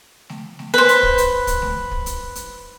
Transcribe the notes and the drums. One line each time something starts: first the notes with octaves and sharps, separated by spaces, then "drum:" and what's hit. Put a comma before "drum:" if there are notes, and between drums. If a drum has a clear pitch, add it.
drum: snare A3
drum: snare A3
B4 C5
drum: hi-hat
drum: kick
drum: hi-hat
drum: kick, hi-hat
drum: snare A3
drum: kick
drum: hi-hat
drum: hi-hat